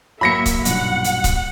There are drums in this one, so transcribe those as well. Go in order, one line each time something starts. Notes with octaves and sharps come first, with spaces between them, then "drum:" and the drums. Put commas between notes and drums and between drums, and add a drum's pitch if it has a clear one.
F#3 A#3 E5 B5 A#6 C#7
drum: kick C#1, hi-hat
B1 G2 A#2 F#5, drum: hi-hat
drum: hi-hat
drum: kick C#1, hi-hat